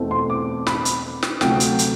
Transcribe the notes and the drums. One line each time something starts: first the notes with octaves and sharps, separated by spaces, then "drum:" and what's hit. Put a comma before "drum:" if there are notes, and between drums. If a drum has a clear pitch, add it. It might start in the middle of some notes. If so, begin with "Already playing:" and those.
Already playing: E2 B2 A3 C4
C6
D6
B5, drum: snare
drum: hi-hat
drum: snare
D2 C3 F#3 G5, drum: snare
drum: hi-hat
drum: hi-hat